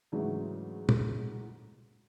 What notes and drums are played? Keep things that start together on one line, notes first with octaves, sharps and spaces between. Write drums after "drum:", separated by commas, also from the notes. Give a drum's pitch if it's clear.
G#2 C#3 E3 F#3 A3 D4
drum: tom